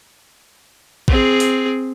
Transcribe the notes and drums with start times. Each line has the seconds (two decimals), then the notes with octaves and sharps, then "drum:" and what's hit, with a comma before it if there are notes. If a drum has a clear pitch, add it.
1.08 C4 G#4, drum: kick A1
1.40 drum: open hi-hat